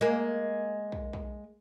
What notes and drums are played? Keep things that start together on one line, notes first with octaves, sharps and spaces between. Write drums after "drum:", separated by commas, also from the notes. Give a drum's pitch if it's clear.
G#3 A#3
drum: kick
drum: kick